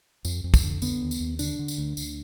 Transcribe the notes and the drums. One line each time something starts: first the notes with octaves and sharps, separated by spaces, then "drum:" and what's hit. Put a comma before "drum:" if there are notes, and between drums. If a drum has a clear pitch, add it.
F2, drum: tambourine
F2
drum: kick, tambourine
D3
D3 B3, drum: tambourine
D#2
drum: tambourine
D#2
D3 D4, drum: tambourine
D3
drum: tambourine
D2
D2, drum: tambourine